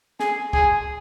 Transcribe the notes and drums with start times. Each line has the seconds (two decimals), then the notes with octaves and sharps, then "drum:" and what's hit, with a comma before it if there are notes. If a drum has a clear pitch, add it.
0.20 G#4, drum: snare
0.53 G#4, drum: kick